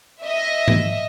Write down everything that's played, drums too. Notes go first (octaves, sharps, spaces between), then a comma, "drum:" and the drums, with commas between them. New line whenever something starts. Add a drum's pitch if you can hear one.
D#5 E5
drum: tom G#2